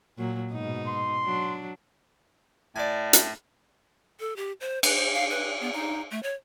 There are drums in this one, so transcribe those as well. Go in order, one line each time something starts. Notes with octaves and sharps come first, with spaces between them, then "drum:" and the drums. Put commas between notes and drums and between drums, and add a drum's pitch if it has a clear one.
A#2 F#3 A#3
G#2 B2 D#4
C6
F#3 D4
A2 D5 G#5
drum: hi-hat
A4
G4
C5
B4, drum: cymbal
C5
F5
B4
B3
D#4
A3
C#5